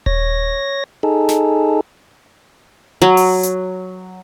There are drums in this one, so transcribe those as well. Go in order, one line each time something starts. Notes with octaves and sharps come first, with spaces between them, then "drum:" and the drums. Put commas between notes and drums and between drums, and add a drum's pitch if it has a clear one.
C#5 A#6, drum: kick D#1
D#4 G#4 A4
drum: snare
F#3
drum: open hi-hat
drum: hi-hat